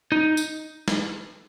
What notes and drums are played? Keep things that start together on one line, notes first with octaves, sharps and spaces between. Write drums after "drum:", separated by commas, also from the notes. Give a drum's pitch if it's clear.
D#4
drum: tambourine
drum: snare